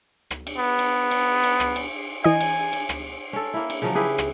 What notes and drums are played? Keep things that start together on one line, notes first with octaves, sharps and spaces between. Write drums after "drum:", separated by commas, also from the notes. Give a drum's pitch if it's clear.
drum: rim click
drum: cymbal
B3
drum: cymbal
drum: cymbal
drum: cymbal
drum: rim click
drum: cymbal
E3 D#5 G#5
drum: cymbal
drum: cymbal
drum: rim click
C#4 A4
A#3 E4
drum: cymbal
C#3 F3 F#3
E4 G4 G#4 B4
drum: rim click